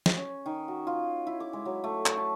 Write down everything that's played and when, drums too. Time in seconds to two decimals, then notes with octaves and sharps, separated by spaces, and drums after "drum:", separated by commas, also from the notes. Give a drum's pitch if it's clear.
0.06 drum: snare
0.17 C#4
0.46 D#3
0.68 F#4
0.87 F4
1.27 E4
1.40 D6
1.53 G#3
1.65 F#3
1.84 A3
2.06 C#6, drum: clap
2.17 A5